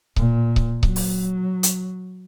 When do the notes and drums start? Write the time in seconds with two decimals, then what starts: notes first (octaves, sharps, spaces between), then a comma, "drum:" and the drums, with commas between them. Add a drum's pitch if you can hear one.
0.16 A#2, drum: kick C#1
0.56 drum: kick C#1
0.83 F#3, drum: kick C#1
0.96 drum: open hi-hat
1.63 drum: hi-hat